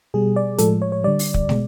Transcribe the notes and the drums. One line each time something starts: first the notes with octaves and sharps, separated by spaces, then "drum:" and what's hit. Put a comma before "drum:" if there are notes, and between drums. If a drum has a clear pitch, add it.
B2 G3 G#4
D5
A2 F3 G#3 A4, drum: hi-hat
C#5
C#5
D3 G3 D5
drum: open hi-hat
drum: kick
B2 G#3, drum: snare